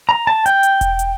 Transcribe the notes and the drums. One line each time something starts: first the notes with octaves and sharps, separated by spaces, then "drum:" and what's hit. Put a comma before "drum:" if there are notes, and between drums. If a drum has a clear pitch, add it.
A#5
A5
G5, drum: hi-hat
drum: hi-hat
drum: kick E1, hi-hat
drum: hi-hat